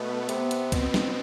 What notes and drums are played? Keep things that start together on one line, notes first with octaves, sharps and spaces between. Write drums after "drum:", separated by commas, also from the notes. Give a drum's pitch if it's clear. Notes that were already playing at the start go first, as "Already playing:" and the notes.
Already playing: B2 A3 B3
C3 B3, drum: hi-hat
drum: hi-hat
B2 C4, drum: kick, hi-hat
drum: snare